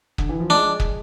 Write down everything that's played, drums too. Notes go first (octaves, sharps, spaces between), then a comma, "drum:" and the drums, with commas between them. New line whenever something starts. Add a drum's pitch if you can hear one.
D3, drum: kick
E3
F3
G#3 D4
drum: kick